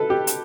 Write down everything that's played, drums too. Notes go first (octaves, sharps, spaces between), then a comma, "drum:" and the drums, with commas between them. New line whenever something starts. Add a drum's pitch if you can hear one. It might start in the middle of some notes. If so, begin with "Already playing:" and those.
Already playing: A4 B4
G4
drum: hi-hat